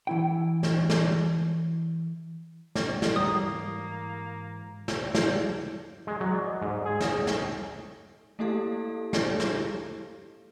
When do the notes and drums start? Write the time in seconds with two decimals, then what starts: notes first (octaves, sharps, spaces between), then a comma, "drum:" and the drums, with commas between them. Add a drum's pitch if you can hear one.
0.07 E3 E4 G5
0.63 drum: snare
0.90 drum: snare
2.75 drum: snare
3.02 drum: snare
3.16 G#2 E3 G3 A#3 D#6
4.88 drum: snare
5.15 drum: snare
6.07 G#3
6.21 F#3
6.35 D5
6.47 D#5
6.62 G#2
6.85 G#4
7.00 drum: snare
7.27 drum: snare
8.39 A3 A#3 E4 G4 A4 F5
9.13 drum: snare
9.40 drum: snare